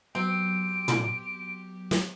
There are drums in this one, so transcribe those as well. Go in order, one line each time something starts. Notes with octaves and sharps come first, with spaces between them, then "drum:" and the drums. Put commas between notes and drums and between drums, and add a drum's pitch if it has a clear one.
F#3 B3 C4 G4 D7
drum: tom
drum: snare